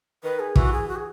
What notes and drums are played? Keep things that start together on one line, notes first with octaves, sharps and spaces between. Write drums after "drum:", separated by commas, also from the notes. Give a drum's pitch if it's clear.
D#3 B4
G#4
E3 F#4, drum: kick
G#4
F#4
G#4